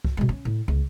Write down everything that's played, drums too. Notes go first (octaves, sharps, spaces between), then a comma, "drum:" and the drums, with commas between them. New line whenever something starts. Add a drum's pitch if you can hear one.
drum: kick C2
B2 G#3
C#4
A2
C#2